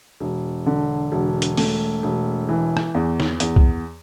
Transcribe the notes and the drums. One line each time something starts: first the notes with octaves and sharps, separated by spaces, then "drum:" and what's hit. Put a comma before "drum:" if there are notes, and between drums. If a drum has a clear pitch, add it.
E1
D3
E1
drum: hi-hat
A3, drum: open hi-hat
E1
E3
drum: rim click
E2
drum: snare
E2, drum: hi-hat
drum: kick